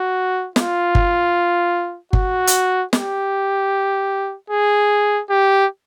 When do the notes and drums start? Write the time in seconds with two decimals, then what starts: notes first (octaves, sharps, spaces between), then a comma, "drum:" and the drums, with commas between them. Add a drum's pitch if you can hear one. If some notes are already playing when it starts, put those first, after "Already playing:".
Already playing: F#4
0.56 F4, drum: snare
0.95 drum: kick G1
2.13 F#4, drum: kick G1
2.47 drum: hi-hat
2.93 G4, drum: snare
4.50 G#4
5.30 G4